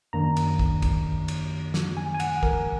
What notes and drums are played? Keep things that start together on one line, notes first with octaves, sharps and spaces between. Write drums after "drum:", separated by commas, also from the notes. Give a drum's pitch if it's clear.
F#2 D#3 A#3 D4 A#5
drum: cymbal
drum: kick
drum: kick, cymbal
drum: cymbal
drum: snare
G#5
G#5
F#5, drum: cymbal
A#4, drum: kick